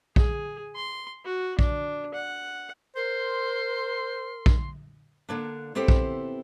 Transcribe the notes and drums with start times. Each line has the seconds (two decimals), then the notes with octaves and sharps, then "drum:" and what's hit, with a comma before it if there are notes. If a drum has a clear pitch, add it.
0.16 G#4, drum: kick A#1
0.76 C6
1.25 F#4
1.59 D4, drum: kick A#1
2.15 F#5
2.96 A#4 C5 C6
4.46 drum: kick A#1
5.29 D3 A#3 D4
5.75 B3 C4 E4 G4 A4 C5
5.88 drum: kick A#1